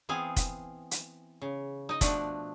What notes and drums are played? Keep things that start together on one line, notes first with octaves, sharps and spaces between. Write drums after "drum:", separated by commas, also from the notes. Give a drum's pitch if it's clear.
E3 B3 C4 G#4 F5
drum: kick F1, hi-hat
drum: hi-hat
C#3
D#4 D#5
B2 F3 A3 D4 D#5 F#5, drum: kick F1, hi-hat